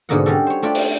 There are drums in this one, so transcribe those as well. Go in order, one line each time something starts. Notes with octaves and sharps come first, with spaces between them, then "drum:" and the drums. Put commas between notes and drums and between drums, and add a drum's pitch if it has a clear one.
G#2 B2 D3 A#3 D#5 F#5
G3 C#4 F#4 G4 A4
C5 C#5
A3 D4 F4 G4 D5
drum: open hi-hat